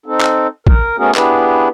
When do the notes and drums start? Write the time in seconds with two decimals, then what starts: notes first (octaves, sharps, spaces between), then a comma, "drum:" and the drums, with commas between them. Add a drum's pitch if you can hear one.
0.06 C4 D#4 A4
0.21 drum: clap
0.67 A#4, drum: kick
0.98 A3 B3 C#4 F#4 G#4 A#4
1.15 B3 D4 E4 G4 G#4 B4, drum: clap